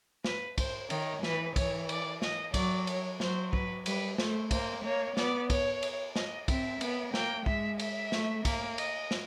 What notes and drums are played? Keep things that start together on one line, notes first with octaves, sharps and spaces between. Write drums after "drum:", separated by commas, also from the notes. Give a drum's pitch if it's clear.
B4, drum: snare
C5, drum: kick, cymbal
D#3 C#5, drum: cymbal
E3 B4, drum: snare
E3 C#5, drum: kick, cymbal
D5, drum: cymbal
D#5, drum: snare
F#3 D5, drum: kick, cymbal
C#5, drum: cymbal
F#3 C5, drum: snare
B4, drum: kick
G3 B4, drum: cymbal
A3 C5, drum: snare
A#3 C5, drum: kick, cymbal
A#3 C#5
B3 D5, drum: snare
C#5, drum: kick, cymbal
drum: cymbal
D#5, drum: snare
C4 E5, drum: kick, cymbal
B3, drum: cymbal
A#3 G5, drum: snare
G#3 E5, drum: kick
E5, drum: cymbal
A3, drum: snare
A#3, drum: kick, cymbal
D#5, drum: cymbal
drum: snare